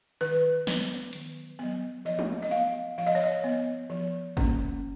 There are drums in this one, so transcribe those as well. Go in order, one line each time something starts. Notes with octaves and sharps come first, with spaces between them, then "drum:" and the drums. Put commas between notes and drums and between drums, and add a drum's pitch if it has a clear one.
D#3 B4
F#3 B3, drum: snare
D#3, drum: hi-hat
F#3 B3
F3 D#5
drum: tom G#3
D#5
B3 F5
F3 F5
D#5
C#5
D#5
B3
F3
A#3 C#4, drum: kick